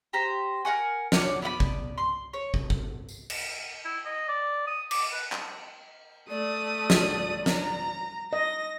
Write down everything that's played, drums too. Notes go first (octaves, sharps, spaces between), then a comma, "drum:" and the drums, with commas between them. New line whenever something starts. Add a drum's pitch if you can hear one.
G4 C5 A#5
A#4 C#5 F#5 G#5
C#5 D5 F#5 D6, drum: snare
B3 D5 F#5 B5
drum: kick
C6
C#5
drum: kick
drum: kick
drum: tambourine
drum: cymbal
E4
D#5
D5
D#6
D6, drum: cymbal
B4
drum: clap
A3 D5 D#6
G3, drum: snare
A#5, drum: snare
D#5 A#6